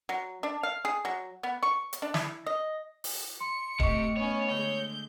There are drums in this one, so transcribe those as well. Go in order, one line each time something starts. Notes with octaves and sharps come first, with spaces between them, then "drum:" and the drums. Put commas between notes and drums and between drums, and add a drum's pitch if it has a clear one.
F#3
D4
F5
G#4
F#3
B3
C#6
drum: hi-hat
D4
E4, drum: snare
D#5
drum: open hi-hat
C6 C#7
C3 A3 G4 D#5 C#6, drum: kick
B3 C#4 C#5
D3 G#3 G6